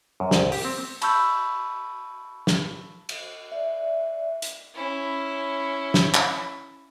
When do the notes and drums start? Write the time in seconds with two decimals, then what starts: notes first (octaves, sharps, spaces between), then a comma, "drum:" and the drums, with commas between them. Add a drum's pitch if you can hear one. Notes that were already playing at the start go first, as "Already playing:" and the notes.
0.20 F#2
0.31 C2, drum: snare
0.52 G4, drum: open hi-hat
0.65 C4
1.02 A5 B5 C#6 E6 G6, drum: cymbal
2.47 drum: snare
3.09 drum: cymbal
3.52 D5 E5
4.42 drum: hi-hat
4.75 C#4 E4
5.94 drum: snare
6.14 drum: clap